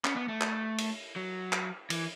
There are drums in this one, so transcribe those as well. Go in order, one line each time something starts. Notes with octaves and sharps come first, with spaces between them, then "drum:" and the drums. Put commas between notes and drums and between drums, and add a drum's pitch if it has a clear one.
C#4, drum: clap
B3
A3
drum: clap
drum: cymbal
F#3
drum: clap
E3, drum: cymbal